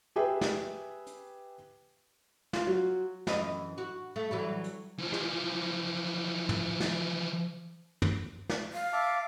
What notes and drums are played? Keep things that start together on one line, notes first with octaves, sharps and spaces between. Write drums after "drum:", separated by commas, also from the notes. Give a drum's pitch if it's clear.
G4 G#4 B4 E5 G5
drum: snare
drum: hi-hat
F4, drum: snare
F#3
F#2 E3 D#5, drum: snare
F#4
A3
E3 F#3 G3
drum: hi-hat
E3 F3
drum: rim click
drum: tom
drum: snare
drum: tom
drum: snare
F5
E5 A5 D6